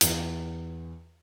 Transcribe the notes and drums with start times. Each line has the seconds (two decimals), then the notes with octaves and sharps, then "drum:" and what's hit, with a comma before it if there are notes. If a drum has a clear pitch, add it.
0.01 E2, drum: hi-hat